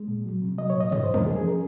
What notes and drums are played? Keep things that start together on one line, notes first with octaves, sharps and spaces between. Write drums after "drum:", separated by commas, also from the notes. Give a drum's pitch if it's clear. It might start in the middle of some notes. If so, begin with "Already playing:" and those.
Already playing: G#3
A#2
F#3
C3
F#3 D#5
C#5
A#2
D#5
C3 D#5, drum: tom
C5
F2
A#4, drum: tom
F3 G#4
G#4
C#4
A#4